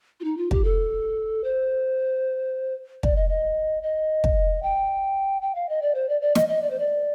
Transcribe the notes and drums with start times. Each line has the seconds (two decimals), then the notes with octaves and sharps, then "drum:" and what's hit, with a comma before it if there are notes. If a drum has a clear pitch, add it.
0.20 F4
0.24 D#4
0.37 F4
0.51 G4, drum: kick
0.64 A4
1.44 C5
3.03 D5, drum: kick
3.16 D#5
3.29 D#5
3.83 D#5
4.24 drum: kick
4.63 G5
5.42 G5
5.55 F5
5.69 D#5
5.82 D5
5.95 C5
6.09 D5
6.22 D5
6.35 D#5, drum: snare
6.48 D#5
6.62 D5
6.70 C5
6.79 D5